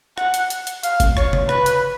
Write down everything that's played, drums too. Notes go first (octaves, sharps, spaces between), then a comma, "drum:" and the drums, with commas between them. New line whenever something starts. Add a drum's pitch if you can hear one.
F#5, drum: rim click
drum: hi-hat
drum: hi-hat
drum: hi-hat
F5, drum: hi-hat
drum: kick F#1, hi-hat
C#5, drum: rim click
drum: tom C3
B4, drum: rim click
drum: hi-hat